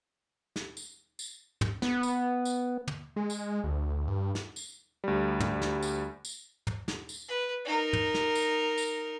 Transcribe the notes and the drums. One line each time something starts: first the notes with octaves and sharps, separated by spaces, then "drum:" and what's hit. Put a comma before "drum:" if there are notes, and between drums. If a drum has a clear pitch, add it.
drum: snare
drum: tambourine
drum: tambourine
drum: tom
B3, drum: snare
drum: tambourine
drum: tambourine
drum: tom
G#3
drum: tambourine
D2
G2
drum: snare
drum: tambourine
D2 G3
drum: tom
drum: snare
drum: tambourine
drum: tambourine
drum: tom
drum: snare
drum: tambourine
B4
D#4 A#4
drum: tom
drum: snare
drum: tambourine
drum: tambourine